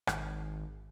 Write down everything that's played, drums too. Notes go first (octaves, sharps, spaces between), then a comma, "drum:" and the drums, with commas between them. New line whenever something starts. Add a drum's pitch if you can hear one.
G#1, drum: rim click